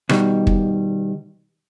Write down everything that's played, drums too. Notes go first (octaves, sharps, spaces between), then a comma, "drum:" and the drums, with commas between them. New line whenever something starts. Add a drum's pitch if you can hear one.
B2 D#3 G3, drum: rim click
drum: kick